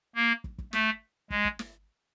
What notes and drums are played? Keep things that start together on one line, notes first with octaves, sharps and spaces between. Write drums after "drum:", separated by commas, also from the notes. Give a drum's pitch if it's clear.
A#3
drum: kick
drum: kick
A3, drum: snare
G#3, drum: kick
drum: kick
drum: snare